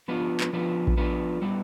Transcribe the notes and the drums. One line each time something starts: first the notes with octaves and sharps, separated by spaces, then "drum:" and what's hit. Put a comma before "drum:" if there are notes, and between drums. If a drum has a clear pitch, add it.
F3 B3 D4 F4 B4
drum: clap
F3 B3 D4 F4 B4
drum: kick A#1
F3 B3 D4 F4 B4
G3 B3 E4 B4